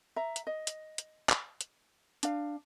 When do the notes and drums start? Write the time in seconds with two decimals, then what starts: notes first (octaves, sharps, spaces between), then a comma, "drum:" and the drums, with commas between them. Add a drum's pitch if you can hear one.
0.16 E5 A#5
0.36 drum: hi-hat
0.47 D#5
0.67 drum: hi-hat
0.98 drum: hi-hat
1.29 drum: clap
1.61 drum: hi-hat
2.23 D4 F5, drum: hi-hat